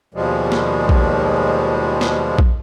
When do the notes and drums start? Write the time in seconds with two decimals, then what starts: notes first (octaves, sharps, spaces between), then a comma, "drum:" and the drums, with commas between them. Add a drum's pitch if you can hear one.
0.14 D#2 B2 F3 G3 G#3
0.52 drum: snare
0.89 drum: kick A#1
2.01 drum: snare
2.39 drum: kick A#1